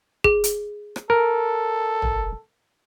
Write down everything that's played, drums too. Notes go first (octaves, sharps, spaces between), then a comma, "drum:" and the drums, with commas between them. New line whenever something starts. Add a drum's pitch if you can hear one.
G#4, drum: kick
drum: hi-hat
drum: rim click
A4 A#4
drum: tom